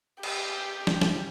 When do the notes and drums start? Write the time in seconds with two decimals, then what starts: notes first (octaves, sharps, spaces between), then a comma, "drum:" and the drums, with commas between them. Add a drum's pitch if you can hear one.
0.23 G4, drum: cymbal
0.87 drum: snare
1.01 drum: snare